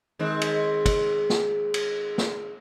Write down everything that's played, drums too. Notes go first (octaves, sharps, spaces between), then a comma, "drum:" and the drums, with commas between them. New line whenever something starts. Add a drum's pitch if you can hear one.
D#3 G#3 C4
drum: cymbal
drum: kick, cymbal
drum: snare
drum: cymbal
drum: snare